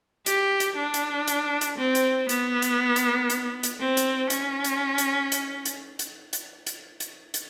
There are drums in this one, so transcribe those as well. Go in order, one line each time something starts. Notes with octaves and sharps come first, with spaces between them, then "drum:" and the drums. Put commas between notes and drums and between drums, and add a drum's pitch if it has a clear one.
G4, drum: hi-hat
drum: hi-hat
D4
drum: hi-hat
drum: hi-hat
drum: hi-hat
C4
drum: hi-hat
B3, drum: hi-hat
drum: hi-hat
drum: hi-hat
drum: hi-hat
drum: hi-hat
C4
drum: hi-hat
C#4, drum: hi-hat
drum: hi-hat
drum: hi-hat
drum: hi-hat
drum: hi-hat
drum: hi-hat
drum: hi-hat
drum: hi-hat
drum: hi-hat
drum: hi-hat